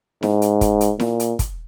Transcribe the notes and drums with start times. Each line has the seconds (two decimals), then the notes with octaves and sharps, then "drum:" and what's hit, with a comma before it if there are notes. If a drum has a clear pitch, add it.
0.23 G#2, drum: snare E4
0.42 drum: hi-hat
0.61 drum: kick, hi-hat
0.81 drum: hi-hat
1.00 A#2, drum: snare E4
1.20 drum: hi-hat
1.39 drum: kick, hi-hat